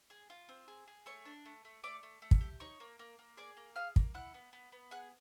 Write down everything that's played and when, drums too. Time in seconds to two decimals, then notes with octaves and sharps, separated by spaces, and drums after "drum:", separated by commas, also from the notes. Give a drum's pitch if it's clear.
0.10 G#4
0.30 F4
0.49 C4
0.68 G#4
0.88 G#4
1.06 A3 C#5 C#6
1.25 D4
1.45 A3
1.65 A3
1.83 A3 D5 D6
2.03 A3
2.22 A3
2.31 drum: kick
2.41 G4
2.60 D#4 C#5 C#6
2.80 A#3
2.99 A#3
3.19 A#3
3.37 G#4 D5 D6
3.57 A#3
3.76 G#4 F5 F6
3.96 A#3, drum: kick
4.14 E4 F#5 F#6
4.34 B3
4.53 B3
4.72 B3
4.91 G#4 F#5 F#6